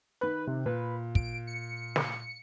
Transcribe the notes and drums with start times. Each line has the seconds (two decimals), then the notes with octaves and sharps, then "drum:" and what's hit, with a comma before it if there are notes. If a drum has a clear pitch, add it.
0.21 D#3 B4 F#6
0.47 C3
0.66 A#2 B4
1.15 D7, drum: kick
1.47 C#7
1.96 drum: snare